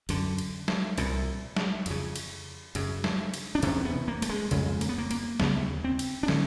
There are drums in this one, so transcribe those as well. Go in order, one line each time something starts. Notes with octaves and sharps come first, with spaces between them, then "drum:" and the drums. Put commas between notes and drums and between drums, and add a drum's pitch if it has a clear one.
F#2 D3, drum: cymbal
drum: cymbal
drum: snare
C2 A#2, drum: cymbal
drum: snare
F2 C#3, drum: cymbal
drum: cymbal
F#2 C#3, drum: cymbal
drum: snare
drum: cymbal
D4
E2 C3 C#4, drum: cymbal
B3
A#3
A3, drum: cymbal
G#3
F2 C#3 G#3, drum: cymbal
A#3, drum: cymbal
B3
A#3
A#3, drum: cymbal
D#2 C#3 B3, drum: snare
C4
drum: cymbal
D4
D3 C#4, drum: snare